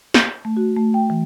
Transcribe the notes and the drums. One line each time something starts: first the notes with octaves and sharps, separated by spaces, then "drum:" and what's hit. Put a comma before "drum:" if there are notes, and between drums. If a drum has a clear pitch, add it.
G6, drum: snare
A3
F#4
A3
G5
E3